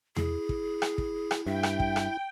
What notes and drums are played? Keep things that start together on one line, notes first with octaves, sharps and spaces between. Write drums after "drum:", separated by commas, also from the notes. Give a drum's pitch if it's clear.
E4 G#4, drum: tom E2
drum: kick
drum: rim click
drum: kick
drum: rim click
G2 E5 G5
drum: rim click
drum: kick
drum: rim click